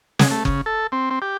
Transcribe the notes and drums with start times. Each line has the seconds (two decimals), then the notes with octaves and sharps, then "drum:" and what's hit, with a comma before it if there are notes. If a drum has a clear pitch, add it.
0.19 G#4, drum: snare
0.31 A3
0.45 C#3, drum: kick F#1
0.66 A4
0.92 C4
1.10 C4
1.22 G4